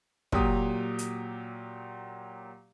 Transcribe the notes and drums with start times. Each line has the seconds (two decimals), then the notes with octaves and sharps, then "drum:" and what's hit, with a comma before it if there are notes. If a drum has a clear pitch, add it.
0.32 A#2 F#3 G4 D#6, drum: kick
0.99 drum: hi-hat